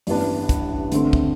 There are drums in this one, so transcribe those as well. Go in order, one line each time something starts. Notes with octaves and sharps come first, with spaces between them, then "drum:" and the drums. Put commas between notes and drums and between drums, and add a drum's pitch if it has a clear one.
A1 G2 E3 B3 D4, drum: open hi-hat
drum: kick, hi-hat
D3 A3 C4, drum: hi-hat
drum: kick